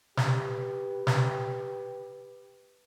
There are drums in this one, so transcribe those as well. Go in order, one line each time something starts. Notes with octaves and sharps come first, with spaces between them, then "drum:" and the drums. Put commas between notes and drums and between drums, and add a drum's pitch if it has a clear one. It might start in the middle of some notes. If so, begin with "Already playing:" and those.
G4 B4, drum: snare
drum: snare